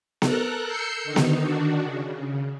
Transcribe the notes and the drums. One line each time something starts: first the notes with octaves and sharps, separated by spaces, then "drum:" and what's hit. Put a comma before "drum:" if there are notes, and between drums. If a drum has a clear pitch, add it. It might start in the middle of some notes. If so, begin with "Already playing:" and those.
A4 A#4 A#5 F#6, drum: snare B3
E6 G6 C7 C#7
D3 D#3 D#4
drum: snare B3
D#3 D4 F#4
C#3